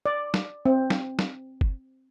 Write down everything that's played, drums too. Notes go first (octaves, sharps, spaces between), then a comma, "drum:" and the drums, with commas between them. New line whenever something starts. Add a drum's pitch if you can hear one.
D5
drum: snare
C4
drum: snare
drum: snare
drum: kick F#1